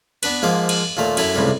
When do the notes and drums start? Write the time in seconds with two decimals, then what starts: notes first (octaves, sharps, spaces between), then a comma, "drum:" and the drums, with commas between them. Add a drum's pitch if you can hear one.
0.23 B3 D4 B4, drum: cymbal
0.42 G#2 F3 A#3 D#5 D6
0.69 drum: cymbal
0.97 D#2 A#2 A3 A#5
1.17 F#2 E4 A4 A#5, drum: cymbal
1.35 C#2 A2 C3 G3